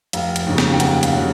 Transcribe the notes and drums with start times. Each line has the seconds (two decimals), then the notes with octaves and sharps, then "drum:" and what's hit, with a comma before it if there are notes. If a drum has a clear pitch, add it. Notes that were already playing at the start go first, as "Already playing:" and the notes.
0.13 F1 F5, drum: hi-hat
0.36 drum: hi-hat
0.46 D#2 C#3 F#3
0.58 drum: snare
0.73 G5
0.80 F1 F#5, drum: hi-hat
0.97 F#5
1.03 F5, drum: hi-hat
1.15 C#3 F#3